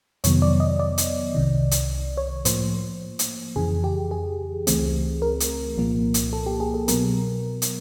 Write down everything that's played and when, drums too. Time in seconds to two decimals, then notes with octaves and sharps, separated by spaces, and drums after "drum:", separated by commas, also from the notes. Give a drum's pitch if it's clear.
0.24 F2 C3 D#3 F#3 B3 C#5, drum: hi-hat
0.42 D5
0.60 D#5
0.79 D5
0.98 drum: hi-hat
1.35 C2 C3 D#3
1.71 drum: hi-hat
2.17 C#5
2.45 A2 F3 A#3 C5, drum: hi-hat
3.19 drum: hi-hat
3.56 F2 C#3 E3 G#4
3.84 G4
4.11 G#4
4.67 C#2 C#3 E3 A3 C4, drum: hi-hat
5.22 A#4
5.40 drum: hi-hat
5.77 C2 A#2 F3 A#3
6.14 drum: hi-hat
6.33 A4
6.46 G4
6.60 G#4
6.74 A4
6.88 B2 F#3 B3 A#4, drum: hi-hat
7.62 drum: hi-hat